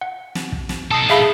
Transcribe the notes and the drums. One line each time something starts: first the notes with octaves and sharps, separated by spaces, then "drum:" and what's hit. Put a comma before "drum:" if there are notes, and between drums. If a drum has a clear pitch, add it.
F#5
drum: snare
drum: kick
drum: snare
D#4 A4 A5 D#6 C7
G#4 E5 F5 B5